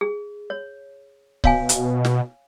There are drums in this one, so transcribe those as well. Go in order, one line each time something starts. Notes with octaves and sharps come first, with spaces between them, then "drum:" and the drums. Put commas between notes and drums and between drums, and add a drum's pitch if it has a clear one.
G#4
C#5
B2 C#5 F5 G#5, drum: kick C#1
drum: hi-hat
drum: snare